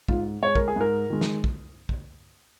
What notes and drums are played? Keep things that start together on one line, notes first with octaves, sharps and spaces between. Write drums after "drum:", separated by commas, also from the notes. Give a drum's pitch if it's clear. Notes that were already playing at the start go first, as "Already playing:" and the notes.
G#2 F4, drum: kick
G#3 C#5
A#4, drum: kick
G#4
G#2 A#4
D#3 G#3
drum: snare
drum: kick
drum: kick